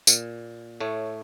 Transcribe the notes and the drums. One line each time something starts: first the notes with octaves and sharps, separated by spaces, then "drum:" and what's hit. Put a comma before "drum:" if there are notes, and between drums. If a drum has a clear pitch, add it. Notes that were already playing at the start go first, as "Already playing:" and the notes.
A#2, drum: tambourine
A2 A3 C#5